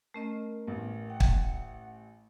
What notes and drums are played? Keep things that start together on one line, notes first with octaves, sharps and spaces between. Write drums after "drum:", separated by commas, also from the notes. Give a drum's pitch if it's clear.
A3 C#4 A#4 D#5
A1
F#5 G5
drum: kick